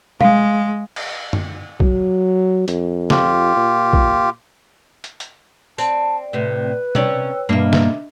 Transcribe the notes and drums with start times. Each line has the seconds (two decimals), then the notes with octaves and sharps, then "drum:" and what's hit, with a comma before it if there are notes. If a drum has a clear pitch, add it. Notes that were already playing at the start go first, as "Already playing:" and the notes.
0.21 G#3 F5, drum: tom
0.96 drum: cymbal
1.33 drum: tom
1.80 F#3, drum: kick
2.68 F2, drum: hi-hat
3.10 F4 G4, drum: snare
3.56 A#2
3.93 drum: kick
5.04 drum: hi-hat
5.20 drum: hi-hat
5.78 C4 D5 A5, drum: tambourine
6.33 A2 C3 B4
6.95 C3 C#4 C#5 D5 G5 E6, drum: tom
7.49 G2 B2 A#3 D4 D#5 E5
7.73 drum: snare